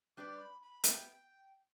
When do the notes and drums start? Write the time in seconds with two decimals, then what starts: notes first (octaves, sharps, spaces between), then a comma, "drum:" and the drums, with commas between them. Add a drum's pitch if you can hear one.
0.17 G3 D4 G4 B4 D5 D6
0.39 B5
0.62 B5
0.84 B3 G4 E5 G5, drum: hi-hat